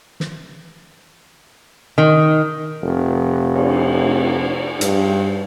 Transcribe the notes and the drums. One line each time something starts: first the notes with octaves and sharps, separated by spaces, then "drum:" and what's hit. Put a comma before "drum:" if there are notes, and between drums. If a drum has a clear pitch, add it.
drum: snare
D#3
F1
drum: cymbal
G2, drum: hi-hat